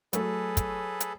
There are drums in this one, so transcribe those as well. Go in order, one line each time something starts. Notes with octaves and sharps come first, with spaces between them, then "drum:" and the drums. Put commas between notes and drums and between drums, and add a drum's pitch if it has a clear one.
F#3 A3 G#4 A4 B4, drum: hi-hat
drum: kick, hi-hat
drum: hi-hat